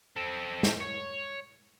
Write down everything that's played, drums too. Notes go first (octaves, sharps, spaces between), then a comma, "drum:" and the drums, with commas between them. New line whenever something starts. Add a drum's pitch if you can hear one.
C4 A4
drum: snare
C#5